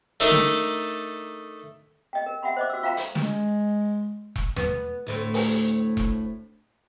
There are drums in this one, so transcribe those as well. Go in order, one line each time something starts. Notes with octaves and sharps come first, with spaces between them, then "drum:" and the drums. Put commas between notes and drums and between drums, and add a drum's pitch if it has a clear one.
A3 D4 D#4 A4 A#4
drum: snare
D#5 G5
A#4
E5 F#5 G5 B5 C6
C5 D#5 D6
F#4 E6
F4 E5 F5 G5 A#5 B5
drum: hi-hat
G#3, drum: snare
drum: kick E1
B3, drum: tom E2
D2 A2 C4
drum: open hi-hat
drum: kick E1